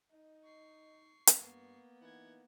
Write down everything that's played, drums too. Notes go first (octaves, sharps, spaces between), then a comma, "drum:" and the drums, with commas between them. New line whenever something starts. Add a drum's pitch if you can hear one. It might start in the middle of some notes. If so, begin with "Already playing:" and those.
D#4 D#5
C#6 C7
drum: hi-hat
G2 A#3 B3
E3 D#4 F#5 G#6